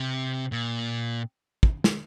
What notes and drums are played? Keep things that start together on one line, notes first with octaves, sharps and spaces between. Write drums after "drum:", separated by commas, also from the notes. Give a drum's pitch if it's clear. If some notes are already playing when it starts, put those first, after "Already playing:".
Already playing: C3
A#2
drum: kick
drum: snare